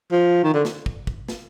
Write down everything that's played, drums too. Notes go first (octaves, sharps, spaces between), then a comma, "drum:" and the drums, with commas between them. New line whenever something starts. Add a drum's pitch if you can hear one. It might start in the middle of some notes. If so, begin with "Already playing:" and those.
F3
D#3
D3
drum: snare
drum: kick
drum: kick
drum: snare